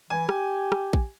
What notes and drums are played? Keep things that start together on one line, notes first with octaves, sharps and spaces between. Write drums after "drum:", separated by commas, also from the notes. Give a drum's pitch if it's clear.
E3 G#5
G4, drum: rim click
drum: rim click
drum: kick A#1